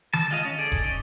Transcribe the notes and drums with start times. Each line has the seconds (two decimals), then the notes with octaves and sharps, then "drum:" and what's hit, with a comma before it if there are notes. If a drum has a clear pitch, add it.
0.13 A5, drum: tom D#3
0.31 G#3 F4 D#5
0.45 C#4
0.59 G#4 A4 D5
0.72 drum: kick D#1
0.82 C#4 D#4